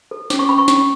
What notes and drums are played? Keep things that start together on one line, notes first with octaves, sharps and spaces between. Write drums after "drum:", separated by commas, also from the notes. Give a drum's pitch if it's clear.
A4
C#4 D6, drum: snare
C#6
C#4 B5
C#6
C#4, drum: snare